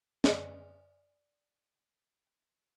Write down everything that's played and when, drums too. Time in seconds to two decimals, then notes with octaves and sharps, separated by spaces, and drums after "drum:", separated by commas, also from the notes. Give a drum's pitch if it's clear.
0.24 B4 D5 D#5, drum: snare